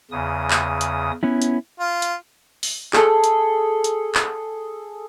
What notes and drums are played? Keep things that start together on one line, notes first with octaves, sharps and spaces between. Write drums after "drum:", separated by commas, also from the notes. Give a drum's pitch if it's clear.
E2 C#3 D#6
drum: clap
drum: hi-hat
B3 C#4 E4
drum: hi-hat
F4
drum: hi-hat
drum: open hi-hat
G#4 A4, drum: clap
drum: hi-hat
drum: hi-hat
drum: clap